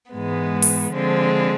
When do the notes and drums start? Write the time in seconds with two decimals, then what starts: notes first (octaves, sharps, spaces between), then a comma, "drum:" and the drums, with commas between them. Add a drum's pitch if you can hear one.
0.13 G#2 E3 G#3 B3
0.62 drum: open hi-hat
0.93 D3 F3 G#3 C4